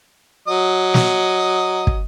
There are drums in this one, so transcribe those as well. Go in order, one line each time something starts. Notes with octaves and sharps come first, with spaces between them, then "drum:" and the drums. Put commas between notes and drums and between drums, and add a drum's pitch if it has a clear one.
F#3 D#5
drum: snare
drum: kick